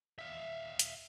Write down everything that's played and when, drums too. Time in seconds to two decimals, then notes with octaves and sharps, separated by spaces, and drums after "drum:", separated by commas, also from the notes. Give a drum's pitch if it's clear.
0.19 E5 F5
0.79 drum: hi-hat